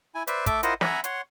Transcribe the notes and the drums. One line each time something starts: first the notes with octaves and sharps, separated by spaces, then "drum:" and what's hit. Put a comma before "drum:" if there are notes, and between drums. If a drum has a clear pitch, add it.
E4 G#5
B4 C5 D5 E5, drum: hi-hat
A3 A4 E5 D6, drum: kick, hi-hat
E4 F4 A#4 C5 D#5 F#5, drum: hi-hat
E5 F#5 G#5 A#5 B5, drum: snare
C#5 F#5 C6, drum: hi-hat